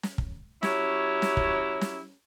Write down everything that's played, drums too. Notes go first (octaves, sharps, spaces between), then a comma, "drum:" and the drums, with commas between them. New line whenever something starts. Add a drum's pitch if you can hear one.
drum: snare
drum: kick
F#3 C#4 E4 G4 C#5, drum: snare
drum: snare
drum: kick
drum: snare